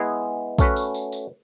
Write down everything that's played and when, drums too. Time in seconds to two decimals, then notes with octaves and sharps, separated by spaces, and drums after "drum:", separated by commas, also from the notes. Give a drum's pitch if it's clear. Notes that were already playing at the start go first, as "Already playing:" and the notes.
Already playing: G#3 B3 E4 G#4
0.59 A3 C#4 F#4 B4, drum: kick, tambourine
0.77 drum: tambourine
0.94 drum: tambourine
1.12 drum: tambourine